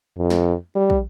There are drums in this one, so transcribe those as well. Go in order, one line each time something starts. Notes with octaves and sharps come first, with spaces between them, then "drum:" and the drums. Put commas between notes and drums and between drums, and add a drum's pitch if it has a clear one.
F2
drum: snare
G3
drum: kick